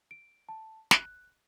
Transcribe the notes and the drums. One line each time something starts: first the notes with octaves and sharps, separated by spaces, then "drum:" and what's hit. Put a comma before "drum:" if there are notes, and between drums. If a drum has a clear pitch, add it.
D7
A5
F#6, drum: snare